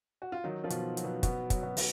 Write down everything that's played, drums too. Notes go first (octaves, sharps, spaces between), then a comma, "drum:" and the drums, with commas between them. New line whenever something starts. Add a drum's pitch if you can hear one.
F#4
F4
D#3 F#3 D#4
F3 F4
B2, drum: hi-hat
F#3, drum: hi-hat
B2 B3
B2 B3, drum: kick, hi-hat
F#3, drum: kick, hi-hat
B2 B3
B2, drum: open hi-hat